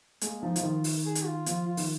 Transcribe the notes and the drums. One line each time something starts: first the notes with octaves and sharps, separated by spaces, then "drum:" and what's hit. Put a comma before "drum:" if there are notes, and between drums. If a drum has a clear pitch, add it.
G#3 A#3, drum: hi-hat
F3 D#4
F3, drum: hi-hat
D#3 F4
drum: open hi-hat
G#4
drum: hi-hat
F4
F3 F4, drum: hi-hat
F4
D#3, drum: open hi-hat